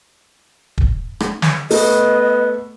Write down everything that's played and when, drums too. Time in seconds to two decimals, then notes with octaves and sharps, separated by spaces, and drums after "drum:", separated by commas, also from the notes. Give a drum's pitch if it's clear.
0.78 drum: kick
1.20 drum: rim click
1.42 drum: snare
1.70 A3 B3 D#5, drum: open hi-hat